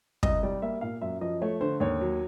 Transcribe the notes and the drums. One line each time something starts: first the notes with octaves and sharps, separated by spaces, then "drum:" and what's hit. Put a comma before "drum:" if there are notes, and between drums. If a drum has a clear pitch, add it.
C2 D#5, drum: kick
G3 D5
A#3 E5
A#2 F5
F#2 E5
F3 D#5
A3 C#5
D3 C5
D#2 C#5
F#3